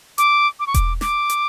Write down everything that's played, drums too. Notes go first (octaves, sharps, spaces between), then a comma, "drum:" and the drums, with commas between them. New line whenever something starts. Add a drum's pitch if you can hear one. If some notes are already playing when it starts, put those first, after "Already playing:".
D6, drum: hi-hat
D6
C#6
D6, drum: kick E1, hi-hat
D6, drum: snare
drum: hi-hat